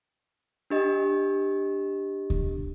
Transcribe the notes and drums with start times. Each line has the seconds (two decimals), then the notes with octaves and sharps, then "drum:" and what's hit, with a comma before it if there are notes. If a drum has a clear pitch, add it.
0.70 D4 G4 D#5
2.30 drum: kick D2